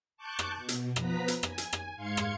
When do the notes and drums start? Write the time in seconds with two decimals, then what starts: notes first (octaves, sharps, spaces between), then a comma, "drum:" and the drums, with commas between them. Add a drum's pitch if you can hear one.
0.17 A5 C#6 D6 F#6 G6
0.39 drum: rim click
0.57 B2
0.68 drum: hi-hat
0.96 F3 B3 B4 A#5 B6, drum: rim click
1.28 drum: hi-hat
1.43 G#5, drum: rim click
1.58 drum: hi-hat
1.73 drum: rim click
1.96 G#2 F5 C6 G#6 C#7
2.17 drum: rim click